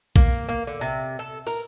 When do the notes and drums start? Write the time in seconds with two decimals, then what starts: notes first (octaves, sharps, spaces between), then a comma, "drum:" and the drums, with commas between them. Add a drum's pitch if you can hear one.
0.16 A#3, drum: kick A#1
0.49 A#3
0.67 D3
0.81 C3
1.19 A4
1.47 A#4, drum: open hi-hat